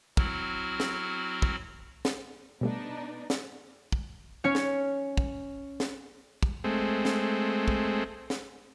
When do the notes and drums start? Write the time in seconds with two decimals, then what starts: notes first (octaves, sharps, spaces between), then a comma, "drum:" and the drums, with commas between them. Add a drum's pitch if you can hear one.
0.17 F#3 C4 E4 F#4 F6, drum: kick
0.80 drum: snare
1.42 drum: kick
2.05 drum: snare
2.61 B2 G3 A3 B3 D4 D#4
3.30 drum: snare
3.92 drum: kick
4.44 C#4 C#5
4.55 drum: snare
5.17 drum: kick
5.80 drum: snare
6.43 drum: kick
6.64 G#3 A3 C4
7.05 drum: snare
7.68 drum: kick
8.30 drum: snare